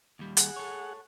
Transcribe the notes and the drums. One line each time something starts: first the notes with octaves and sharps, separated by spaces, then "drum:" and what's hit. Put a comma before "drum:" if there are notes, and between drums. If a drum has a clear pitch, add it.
D#2 G3
G#4 F#5, drum: hi-hat
A4 C#5